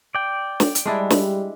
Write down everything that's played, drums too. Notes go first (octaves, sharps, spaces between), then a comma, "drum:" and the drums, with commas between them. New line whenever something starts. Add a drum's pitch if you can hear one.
D5 G5
drum: snare
drum: hi-hat
G3 G#3 D4 E4
drum: snare